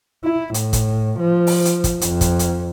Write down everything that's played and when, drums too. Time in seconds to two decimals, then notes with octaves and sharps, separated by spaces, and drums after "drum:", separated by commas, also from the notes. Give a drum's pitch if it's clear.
0.24 E4
0.54 A2, drum: hi-hat
0.73 drum: kick, hi-hat
1.19 F3
1.47 drum: open hi-hat
1.65 drum: hi-hat
1.84 drum: kick, hi-hat
2.01 F2, drum: hi-hat
2.21 drum: kick, hi-hat
2.39 drum: hi-hat